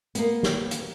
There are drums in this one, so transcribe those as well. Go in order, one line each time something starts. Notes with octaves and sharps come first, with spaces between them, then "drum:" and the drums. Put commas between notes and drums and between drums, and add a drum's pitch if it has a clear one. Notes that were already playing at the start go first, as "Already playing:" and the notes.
A#3 B3, drum: hi-hat
drum: snare
drum: hi-hat